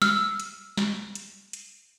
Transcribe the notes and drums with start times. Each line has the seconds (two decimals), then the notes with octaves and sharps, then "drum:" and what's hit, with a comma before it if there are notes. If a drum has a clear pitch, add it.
0.02 E6 F6, drum: snare
0.40 drum: hi-hat
0.77 drum: snare
1.15 drum: hi-hat
1.53 drum: hi-hat